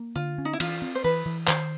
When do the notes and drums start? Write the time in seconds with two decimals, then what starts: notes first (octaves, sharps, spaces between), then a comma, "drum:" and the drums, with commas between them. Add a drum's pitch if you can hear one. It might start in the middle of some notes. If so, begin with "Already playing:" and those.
Already playing: A#3
0.16 D3 F4
0.38 C#4
0.45 D#4
0.53 E4
0.60 E3 F4, drum: cymbal
0.82 C4
0.95 C5
1.04 E3 B4
1.26 E3
1.47 D#3 C5, drum: clap